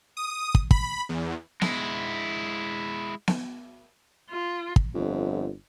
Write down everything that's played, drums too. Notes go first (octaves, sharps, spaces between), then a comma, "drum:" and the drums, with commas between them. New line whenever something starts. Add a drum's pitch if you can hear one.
D#6
drum: kick
B5, drum: kick
E2
G#3 E4, drum: snare B3
drum: snare B3
F4
drum: kick
G1 F2